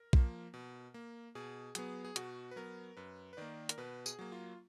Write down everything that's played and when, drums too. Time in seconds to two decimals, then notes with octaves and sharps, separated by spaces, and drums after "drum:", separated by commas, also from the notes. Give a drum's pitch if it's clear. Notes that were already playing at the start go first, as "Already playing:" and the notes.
Already playing: A#4
0.13 F3 A#3, drum: kick B1
0.54 B2
0.94 A#3
1.35 B2 G#4
1.75 F#3 B3 G#4, drum: hi-hat
2.05 G#4
2.16 B2 F#4, drum: hi-hat
2.51 B4
2.56 F#3 B3 A#4
2.97 F#2 B4
3.33 B4
3.37 D#3 A#3 D5
3.69 A#4, drum: hi-hat
3.78 B2 B4
4.06 G#4, drum: tambourine
4.19 F#3 A#3
4.32 F4